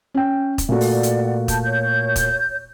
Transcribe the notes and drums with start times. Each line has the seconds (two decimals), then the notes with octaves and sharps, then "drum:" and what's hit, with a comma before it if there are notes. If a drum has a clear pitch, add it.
0.14 C#4 G5
0.58 drum: kick E1, hi-hat
0.69 A#2 A3 F#4 D5 F#5
0.81 drum: open hi-hat
1.03 drum: hi-hat
1.48 A5 G6, drum: kick E1, hi-hat
1.64 C#5 G6
2.16 drum: kick E1, hi-hat